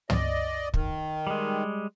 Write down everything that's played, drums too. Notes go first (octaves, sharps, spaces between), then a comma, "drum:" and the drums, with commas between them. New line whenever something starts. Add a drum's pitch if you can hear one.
D5 D#5, drum: tom
D#3, drum: kick
G3 G#3